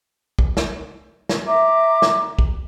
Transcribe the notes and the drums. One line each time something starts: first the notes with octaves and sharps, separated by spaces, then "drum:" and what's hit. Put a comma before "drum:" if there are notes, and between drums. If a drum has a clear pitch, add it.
drum: kick
drum: snare
drum: snare
E5 A#5 D6
drum: snare
drum: kick